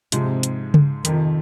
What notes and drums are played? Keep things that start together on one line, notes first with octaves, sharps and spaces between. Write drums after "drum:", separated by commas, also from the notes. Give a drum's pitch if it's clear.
G#2 C3 F3 G#3, drum: hi-hat
drum: hi-hat
drum: tom C#3
F2 C3 D#3 F3, drum: hi-hat